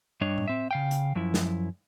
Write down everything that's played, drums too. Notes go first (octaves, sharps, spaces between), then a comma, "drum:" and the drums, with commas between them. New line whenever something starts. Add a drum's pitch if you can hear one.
G2 G3 D4 C#5 D#5
drum: tom A2
C4 E5
C#3 F5 G5
drum: hi-hat
F#2 F3 E4
drum: snare